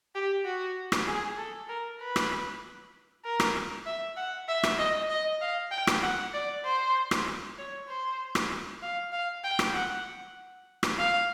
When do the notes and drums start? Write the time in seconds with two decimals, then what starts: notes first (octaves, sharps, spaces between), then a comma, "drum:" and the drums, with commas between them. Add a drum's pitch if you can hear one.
0.15 G4
0.45 F#4
0.92 drum: rim click
1.08 G#4
1.38 A4
1.69 A#4
2.00 B4
2.16 drum: rim click
3.24 A#4
3.40 drum: rim click
3.86 E5
4.16 F#5
4.48 E5
4.63 drum: rim click
4.78 D#5
5.09 D#5
5.41 F5
5.71 G5
5.87 drum: rim click
6.02 F#5
6.33 D5
6.65 C5
7.11 drum: rim click
7.58 C#5
7.88 C5
8.35 drum: rim click
8.82 F5
9.12 F5
9.44 G5
9.59 drum: rim click
9.74 F#5
10.83 drum: rim click
10.98 F5